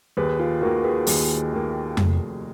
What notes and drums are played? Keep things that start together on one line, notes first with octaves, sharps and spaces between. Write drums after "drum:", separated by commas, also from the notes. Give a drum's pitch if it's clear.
D#2 G#4 B4
F4 G#4
D#3 A#3 F#4 A#4
G#4 B4
D#2 G#4 B4, drum: open hi-hat
D#3 A#3
F1, drum: tom F2